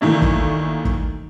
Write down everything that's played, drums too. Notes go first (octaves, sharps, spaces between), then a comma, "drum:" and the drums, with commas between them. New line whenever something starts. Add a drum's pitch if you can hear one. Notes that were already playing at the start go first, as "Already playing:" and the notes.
D2 D#3 E3 A3 A#3 D4
drum: kick
drum: kick